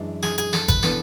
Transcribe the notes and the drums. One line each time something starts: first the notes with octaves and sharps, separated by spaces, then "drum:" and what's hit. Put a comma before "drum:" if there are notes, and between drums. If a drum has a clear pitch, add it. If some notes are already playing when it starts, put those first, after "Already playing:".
Already playing: F#2 E3 G#3 D4
G#4, drum: snare
G#4, drum: hi-hat
A4, drum: snare
B4, drum: kick G#1, hi-hat
E3 B3 D4 A4, drum: snare